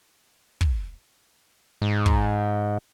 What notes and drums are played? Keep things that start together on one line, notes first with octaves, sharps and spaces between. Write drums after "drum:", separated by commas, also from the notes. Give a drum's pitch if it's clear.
drum: kick
G#2
drum: kick